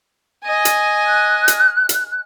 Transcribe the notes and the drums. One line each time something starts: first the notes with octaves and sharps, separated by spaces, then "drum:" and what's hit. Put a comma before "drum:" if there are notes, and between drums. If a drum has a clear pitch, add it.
D#5 G#5
drum: hi-hat
F#6
drum: hi-hat
drum: hi-hat